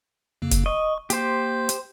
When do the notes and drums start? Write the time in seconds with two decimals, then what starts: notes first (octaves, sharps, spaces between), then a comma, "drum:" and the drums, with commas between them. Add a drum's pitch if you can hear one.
0.42 F2 C#3 A#3
0.51 drum: kick F1, hi-hat
0.66 D#5 C#6
1.10 A#3 G4 C5 G6, drum: hi-hat
1.69 drum: hi-hat